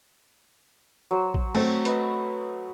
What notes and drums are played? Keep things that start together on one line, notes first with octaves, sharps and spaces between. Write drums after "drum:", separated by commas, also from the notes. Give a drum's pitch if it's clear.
F#3 C5
drum: kick A1
A3 C4, drum: cymbal
B4 D#5, drum: hi-hat